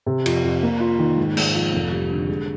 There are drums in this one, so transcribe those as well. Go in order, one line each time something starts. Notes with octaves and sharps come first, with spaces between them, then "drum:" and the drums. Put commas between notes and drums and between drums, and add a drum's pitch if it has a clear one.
C3
F2, drum: cymbal
F2
A#3
F4
D#3
G#2
G#2, drum: cymbal
F3
F1
G3
D3
G#3